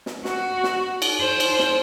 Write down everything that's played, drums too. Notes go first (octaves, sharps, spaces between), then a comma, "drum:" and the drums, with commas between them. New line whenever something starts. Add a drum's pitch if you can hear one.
drum: snare
F#4, drum: snare
drum: snare
drum: cymbal
C5
drum: cymbal
drum: snare